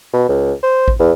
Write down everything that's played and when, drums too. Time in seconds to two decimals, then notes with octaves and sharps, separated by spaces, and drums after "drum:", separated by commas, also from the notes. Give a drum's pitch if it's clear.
0.13 B2
0.29 C#2
0.63 C5
0.88 drum: kick A1
0.99 E2